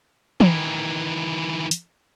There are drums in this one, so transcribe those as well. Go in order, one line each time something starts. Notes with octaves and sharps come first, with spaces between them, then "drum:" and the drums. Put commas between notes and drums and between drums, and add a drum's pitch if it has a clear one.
D#3 E3, drum: tom
drum: hi-hat